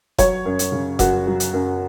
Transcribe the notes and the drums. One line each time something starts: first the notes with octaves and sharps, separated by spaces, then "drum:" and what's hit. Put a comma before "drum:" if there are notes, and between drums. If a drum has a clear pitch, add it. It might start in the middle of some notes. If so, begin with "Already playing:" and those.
F#3 C#5, drum: kick F1, hi-hat
F#2
drum: hi-hat
C#3
F#2 F#4, drum: kick F1, hi-hat
F#3
drum: hi-hat
F#2